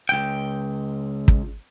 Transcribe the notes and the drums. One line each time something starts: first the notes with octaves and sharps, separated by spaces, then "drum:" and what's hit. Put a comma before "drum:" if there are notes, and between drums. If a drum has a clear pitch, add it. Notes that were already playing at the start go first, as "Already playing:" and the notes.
C#2 G5
drum: kick